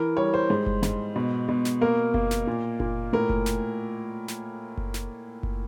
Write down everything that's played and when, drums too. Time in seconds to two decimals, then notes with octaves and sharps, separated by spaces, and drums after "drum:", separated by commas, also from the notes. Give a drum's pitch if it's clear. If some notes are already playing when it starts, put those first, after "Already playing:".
Already playing: E3 A#4
0.17 G3 C#5
0.34 C5
0.50 G#2
0.66 drum: kick F#1
0.83 G#2, drum: snare
1.16 B2
1.49 B2
1.65 drum: snare
1.81 A#3 A#4
2.14 A#3, drum: kick F#1
2.31 drum: snare
2.47 A#2
2.80 A#2, drum: kick F#1
3.13 A2 A#4
3.29 drum: kick F#1
3.46 drum: snare
4.28 drum: snare
4.77 drum: kick F#1
4.94 drum: snare
5.43 drum: kick F#1